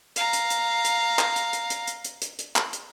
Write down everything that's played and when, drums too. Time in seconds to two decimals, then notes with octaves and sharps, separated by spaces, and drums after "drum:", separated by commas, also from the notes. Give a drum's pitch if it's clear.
0.16 F5 A#5, drum: hi-hat
0.33 drum: hi-hat
0.50 drum: hi-hat
0.85 drum: hi-hat
1.19 drum: clap
1.36 drum: hi-hat
1.53 drum: hi-hat
1.70 drum: hi-hat
1.87 drum: hi-hat
2.05 drum: hi-hat
2.22 drum: hi-hat
2.39 drum: hi-hat
2.56 drum: clap
2.73 drum: hi-hat